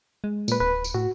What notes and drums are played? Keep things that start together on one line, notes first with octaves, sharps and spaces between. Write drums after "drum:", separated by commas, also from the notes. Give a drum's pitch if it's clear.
G#3
A#2 B4, drum: tambourine
D1 B4
drum: tambourine
A2 F#4